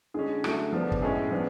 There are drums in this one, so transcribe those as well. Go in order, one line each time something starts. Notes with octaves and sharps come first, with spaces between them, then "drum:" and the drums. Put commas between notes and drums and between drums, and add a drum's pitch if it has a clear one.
D3 G#3 C#4 G#4
D3 F#3 A3, drum: rim click
F3 B3 D4
drum: kick
A2 G#3 C#4 G#4
F3 B3 D4